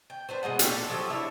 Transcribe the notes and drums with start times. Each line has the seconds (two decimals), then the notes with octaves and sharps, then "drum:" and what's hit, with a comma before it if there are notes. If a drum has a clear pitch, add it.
0.10 G5
0.29 D4 B4 C5
0.43 B2 G#3 D#5 F#5
0.59 A#2 C#4 G4 A4, drum: hi-hat
0.89 F3 F#3 G4 A4
1.10 D4 E4 C#5 E5